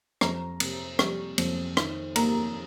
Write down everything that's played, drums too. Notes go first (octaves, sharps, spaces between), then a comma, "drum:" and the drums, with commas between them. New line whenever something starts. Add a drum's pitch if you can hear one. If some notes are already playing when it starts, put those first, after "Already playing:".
F2 A#5, drum: rim click
C3, drum: cymbal
G3, drum: rim click
F2, drum: cymbal
D#3, drum: rim click
A#3 A#5, drum: cymbal